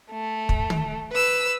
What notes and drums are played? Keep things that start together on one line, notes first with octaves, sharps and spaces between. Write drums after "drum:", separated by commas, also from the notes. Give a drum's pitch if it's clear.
A3
drum: kick
drum: tom
B4 E6